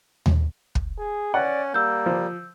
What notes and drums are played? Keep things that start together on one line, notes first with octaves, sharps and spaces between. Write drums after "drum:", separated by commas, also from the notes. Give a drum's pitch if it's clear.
drum: tom D#2
drum: kick
G#4
C#4 D5 F#5
G3 A#3 E6 G6
F3